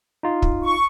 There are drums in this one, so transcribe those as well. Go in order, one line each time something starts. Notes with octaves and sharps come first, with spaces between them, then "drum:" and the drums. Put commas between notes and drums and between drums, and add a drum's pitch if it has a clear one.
D#4 F4
drum: kick
C#6